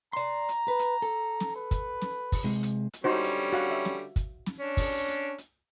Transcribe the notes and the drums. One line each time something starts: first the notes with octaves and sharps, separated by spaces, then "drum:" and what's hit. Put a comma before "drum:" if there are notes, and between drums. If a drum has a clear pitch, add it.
D5 A#5 C6
drum: hi-hat
B4
drum: hi-hat
A4
drum: snare
B4
drum: kick, hi-hat
drum: snare
drum: kick, open hi-hat
C3 G#3
drum: hi-hat
drum: hi-hat
D3 G3 C#4 D#4 F#4 C5
drum: hi-hat
F#4 F5 F#5, drum: hi-hat
E5
drum: snare
drum: kick, hi-hat
drum: snare
C#4 D4
drum: kick, open hi-hat
drum: hi-hat
drum: hi-hat